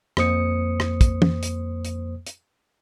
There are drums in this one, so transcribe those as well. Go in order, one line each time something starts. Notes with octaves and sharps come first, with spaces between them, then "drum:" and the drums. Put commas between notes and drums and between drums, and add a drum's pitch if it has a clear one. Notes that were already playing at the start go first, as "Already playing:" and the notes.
F2 A#3 C5 D#6 C#7, drum: rim click
drum: rim click
drum: kick, hi-hat
drum: tom
drum: hi-hat
drum: hi-hat
drum: hi-hat